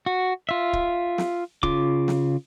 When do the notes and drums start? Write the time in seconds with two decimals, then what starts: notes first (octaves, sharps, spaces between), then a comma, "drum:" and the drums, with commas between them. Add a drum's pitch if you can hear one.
0.06 F#4
0.49 F4 E5
0.73 drum: kick
1.18 drum: snare
1.63 C#3 F4 D6, drum: kick
2.08 drum: snare